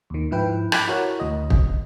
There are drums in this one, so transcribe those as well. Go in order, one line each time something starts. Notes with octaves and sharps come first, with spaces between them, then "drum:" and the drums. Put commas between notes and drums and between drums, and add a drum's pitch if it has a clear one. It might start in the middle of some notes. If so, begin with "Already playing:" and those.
D#2 D#3
G#2 F3 E4 B4 G5
A5 B5 D6 F#6 G#6, drum: rim click
E4 F#4 A#4 C#5
D2 D#5
drum: kick